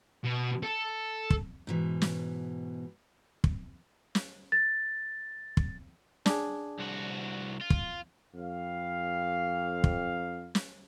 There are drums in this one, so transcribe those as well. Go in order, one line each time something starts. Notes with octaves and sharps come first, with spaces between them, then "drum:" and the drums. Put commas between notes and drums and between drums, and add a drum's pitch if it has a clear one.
B2
A4
drum: kick
G#2 B2 E3
drum: snare
drum: kick
drum: snare
A6
drum: kick
D4 G#4, drum: snare
C2 F#4
F4
drum: kick
F2 F5
drum: kick
drum: snare